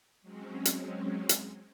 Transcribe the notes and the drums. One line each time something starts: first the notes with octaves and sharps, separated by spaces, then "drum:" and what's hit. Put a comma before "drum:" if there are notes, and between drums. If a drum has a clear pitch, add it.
F#3 G#3 C4 C#4
drum: hi-hat
drum: hi-hat